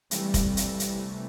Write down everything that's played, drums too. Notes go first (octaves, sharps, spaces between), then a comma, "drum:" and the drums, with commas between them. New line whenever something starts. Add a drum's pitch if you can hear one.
C3 E3 G3 A3, drum: hi-hat
drum: kick F1, hi-hat
G3, drum: hi-hat
drum: hi-hat